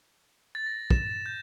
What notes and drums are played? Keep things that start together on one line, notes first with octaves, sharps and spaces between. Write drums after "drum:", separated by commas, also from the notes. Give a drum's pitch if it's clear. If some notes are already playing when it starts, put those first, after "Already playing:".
A6
A#6
E7, drum: kick
G6